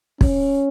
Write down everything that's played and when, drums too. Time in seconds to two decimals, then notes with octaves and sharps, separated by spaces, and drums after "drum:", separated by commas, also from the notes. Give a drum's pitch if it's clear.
0.21 C#4, drum: kick